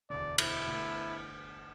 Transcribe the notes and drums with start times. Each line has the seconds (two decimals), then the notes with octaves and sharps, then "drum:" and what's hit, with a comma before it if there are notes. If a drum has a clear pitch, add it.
0.10 E1 D2 D3 D5
0.38 E4, drum: cymbal
0.68 G1 D3 A3